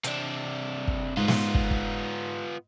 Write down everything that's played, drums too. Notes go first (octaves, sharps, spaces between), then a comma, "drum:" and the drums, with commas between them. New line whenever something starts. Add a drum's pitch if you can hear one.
C3 D4, drum: hi-hat
drum: kick
G#2 B3 F4
drum: snare
drum: kick
drum: kick